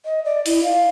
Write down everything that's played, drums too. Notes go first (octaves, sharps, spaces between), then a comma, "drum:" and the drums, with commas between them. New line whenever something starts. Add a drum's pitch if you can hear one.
D#5
D5
E4, drum: open hi-hat
F5